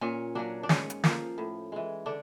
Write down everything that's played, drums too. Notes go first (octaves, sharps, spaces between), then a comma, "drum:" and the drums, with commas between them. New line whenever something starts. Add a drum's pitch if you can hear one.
A#2 C#4
F#3 A#3 C#4 D4
D4
G#2 C#4, drum: snare
drum: hi-hat
F3 A#3, drum: snare
A2
E3 G#3
D3 D4